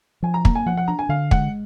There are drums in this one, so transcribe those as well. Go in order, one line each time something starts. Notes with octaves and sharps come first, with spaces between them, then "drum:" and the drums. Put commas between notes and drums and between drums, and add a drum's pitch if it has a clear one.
F3 G#5
A#5
A#3 A#5, drum: kick
G#5
F3 F#5
F#5
D4 A#5
G#5
D3 F5
G#3 F#5, drum: kick